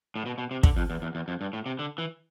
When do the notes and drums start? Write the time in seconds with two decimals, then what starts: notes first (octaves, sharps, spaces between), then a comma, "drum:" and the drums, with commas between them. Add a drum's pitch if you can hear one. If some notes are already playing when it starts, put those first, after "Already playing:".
0.16 A2
0.26 B2
0.38 B2
0.51 C3
0.63 D3, drum: kick
0.77 F2
0.90 E2
1.02 E2
1.15 E2
1.28 F2
1.41 G2
1.53 A2
1.66 C3
1.79 D3
1.98 E3